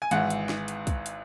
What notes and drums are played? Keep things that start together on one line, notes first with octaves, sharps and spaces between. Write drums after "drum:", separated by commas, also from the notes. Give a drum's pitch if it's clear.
G#5
G#1 G#2 E3 F#5, drum: hi-hat
drum: hi-hat
drum: snare
drum: hi-hat
drum: kick, hi-hat
drum: hi-hat